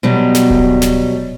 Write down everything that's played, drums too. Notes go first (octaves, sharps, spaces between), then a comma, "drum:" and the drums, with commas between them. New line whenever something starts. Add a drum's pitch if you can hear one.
B2 F#3 G3
drum: snare
drum: kick D1
drum: snare